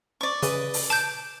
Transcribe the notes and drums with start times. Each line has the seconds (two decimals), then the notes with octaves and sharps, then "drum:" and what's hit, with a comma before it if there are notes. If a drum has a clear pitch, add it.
0.21 D5 C#6
0.43 C#3 B4 D#5, drum: hi-hat
0.74 drum: open hi-hat
0.90 A5 D6 G6